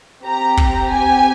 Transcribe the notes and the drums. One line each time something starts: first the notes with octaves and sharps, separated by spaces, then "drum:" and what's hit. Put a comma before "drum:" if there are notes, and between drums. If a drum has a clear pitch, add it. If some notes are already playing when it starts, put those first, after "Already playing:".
C4 G4 A#5
drum: kick
G#5